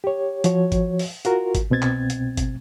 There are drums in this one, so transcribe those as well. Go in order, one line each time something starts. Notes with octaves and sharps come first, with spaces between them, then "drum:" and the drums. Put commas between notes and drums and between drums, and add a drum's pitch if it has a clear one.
G4 C#5
F3 F#4 C#5, drum: hi-hat
drum: kick G#1, hi-hat
drum: open hi-hat
F4 F#4 A#4, drum: hi-hat
drum: kick G#1, hi-hat
C2 B2 C4 G#6 A6
drum: clap
drum: hi-hat
drum: kick G#1, hi-hat